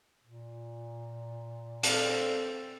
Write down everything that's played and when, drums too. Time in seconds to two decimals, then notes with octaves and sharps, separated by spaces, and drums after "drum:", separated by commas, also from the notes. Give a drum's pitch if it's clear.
0.24 A#2
1.83 C4 A4 D5 F5, drum: hi-hat